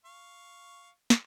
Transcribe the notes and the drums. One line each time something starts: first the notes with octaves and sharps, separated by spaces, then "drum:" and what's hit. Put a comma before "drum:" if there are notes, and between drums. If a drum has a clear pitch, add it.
F5 C#6
drum: snare